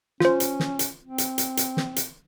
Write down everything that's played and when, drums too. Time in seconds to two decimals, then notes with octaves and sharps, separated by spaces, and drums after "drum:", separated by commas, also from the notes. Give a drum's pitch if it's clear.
0.20 C#4 F4 C5, drum: snare
0.40 drum: hi-hat
0.60 drum: snare
0.79 drum: hi-hat
1.03 C4
1.18 drum: hi-hat
1.38 drum: hi-hat
1.57 drum: hi-hat
1.77 drum: snare
1.96 drum: hi-hat